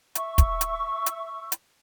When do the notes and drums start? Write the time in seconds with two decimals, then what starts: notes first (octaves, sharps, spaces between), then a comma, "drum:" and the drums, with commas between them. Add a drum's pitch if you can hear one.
0.15 E5 C#6 E6, drum: hi-hat
0.38 drum: kick, hi-hat
0.61 drum: hi-hat
1.06 drum: hi-hat
1.52 drum: hi-hat